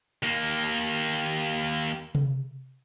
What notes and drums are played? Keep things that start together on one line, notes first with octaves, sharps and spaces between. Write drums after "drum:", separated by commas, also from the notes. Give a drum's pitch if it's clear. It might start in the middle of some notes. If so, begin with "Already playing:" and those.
D#2 A#3, drum: cymbal
drum: open hi-hat
drum: tom C3